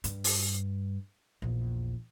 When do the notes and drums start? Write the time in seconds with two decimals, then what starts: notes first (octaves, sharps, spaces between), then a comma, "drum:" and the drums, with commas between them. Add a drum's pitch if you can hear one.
0.04 G2, drum: hi-hat
0.24 drum: open hi-hat
1.42 A#1 E2